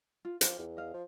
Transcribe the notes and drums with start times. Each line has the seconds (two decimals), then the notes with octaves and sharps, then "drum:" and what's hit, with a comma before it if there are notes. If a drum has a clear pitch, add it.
0.25 F4
0.41 F3 F4 G4, drum: hi-hat
0.59 E2
0.77 D#5 F5
0.94 F3